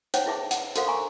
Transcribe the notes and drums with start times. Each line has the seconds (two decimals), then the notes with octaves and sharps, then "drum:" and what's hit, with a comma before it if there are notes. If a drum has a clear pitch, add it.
0.14 D#4 C5 C#5 F#5 G5, drum: hi-hat
0.26 E4 G#4 B4 E5 A5 D6
0.51 F#5, drum: hi-hat
0.76 F#4 A4 A#4 C5 F5 F#5, drum: hi-hat
0.87 G#5 A#5 C#6 D6